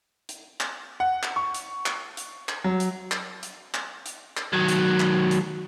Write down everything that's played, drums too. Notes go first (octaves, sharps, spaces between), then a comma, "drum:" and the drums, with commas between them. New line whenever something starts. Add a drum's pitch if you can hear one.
drum: hi-hat
drum: clap
F#5
drum: clap
C#6
drum: hi-hat
drum: clap
drum: hi-hat
drum: clap
F#3
drum: hi-hat
drum: clap
drum: hi-hat
drum: clap
drum: hi-hat
drum: clap
D#3 F#3
drum: hi-hat
drum: clap
drum: hi-hat